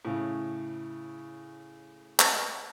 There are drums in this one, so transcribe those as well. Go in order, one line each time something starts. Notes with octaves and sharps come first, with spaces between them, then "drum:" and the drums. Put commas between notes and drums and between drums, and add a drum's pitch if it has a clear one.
A2 C#3
drum: clap